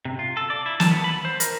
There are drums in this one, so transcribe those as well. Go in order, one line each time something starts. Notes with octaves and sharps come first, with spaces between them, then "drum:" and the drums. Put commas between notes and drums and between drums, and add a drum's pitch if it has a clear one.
C3
F4
A4
D5
E4
A5, drum: snare
B3
B5
C5
A#4, drum: hi-hat